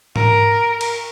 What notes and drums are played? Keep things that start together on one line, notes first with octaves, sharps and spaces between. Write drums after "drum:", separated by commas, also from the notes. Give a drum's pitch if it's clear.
A#4, drum: tom G#2
drum: cymbal